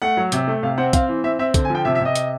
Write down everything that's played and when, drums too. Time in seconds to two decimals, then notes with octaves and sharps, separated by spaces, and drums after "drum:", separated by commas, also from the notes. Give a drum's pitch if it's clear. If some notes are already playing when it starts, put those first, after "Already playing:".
0.02 A3 F#5
0.17 F#3
0.32 C3, drum: hi-hat
0.48 A3
0.63 C3 F5
0.78 C4 F#5
0.93 C4 F5, drum: kick, hi-hat
1.09 E3
1.24 C4 E5
1.39 C4 E5
1.54 D3, drum: kick, hi-hat
1.65 G#5
1.70 F3
1.75 G5
1.85 C3 E5
1.95 E5
2.00 C3
2.05 D#5
2.16 drum: hi-hat